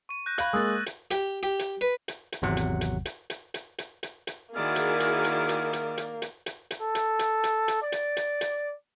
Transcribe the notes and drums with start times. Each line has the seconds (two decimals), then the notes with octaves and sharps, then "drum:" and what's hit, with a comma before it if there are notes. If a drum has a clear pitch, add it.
0.09 C#6 D#7
0.26 F#6 G6 A#6
0.38 F5 B5 F#6 G#6 F#7, drum: hi-hat
0.53 G#3 A#3 D#6 E6 A6
0.86 drum: hi-hat
1.11 G4, drum: hi-hat
1.43 G4
1.59 drum: hi-hat
1.81 B4
2.08 drum: hi-hat
2.32 drum: hi-hat
2.42 G#1 E2 C3 F#3 F#5
2.57 drum: hi-hat
2.81 drum: hi-hat
3.05 drum: hi-hat
3.30 drum: hi-hat
3.54 drum: hi-hat
3.78 drum: hi-hat
4.03 drum: hi-hat
4.27 drum: hi-hat
4.55 D#3 A#3 E4 F#4 G#4 D5 F6
4.76 drum: hi-hat
5.00 drum: hi-hat
5.25 drum: hi-hat
5.49 drum: hi-hat
5.73 drum: hi-hat
5.98 drum: hi-hat
6.22 drum: hi-hat
6.46 drum: hi-hat
6.71 drum: hi-hat
6.81 A4
6.95 drum: hi-hat
7.19 drum: hi-hat
7.44 drum: hi-hat
7.68 drum: hi-hat
7.83 D5
7.92 drum: hi-hat
8.17 drum: hi-hat
8.41 drum: hi-hat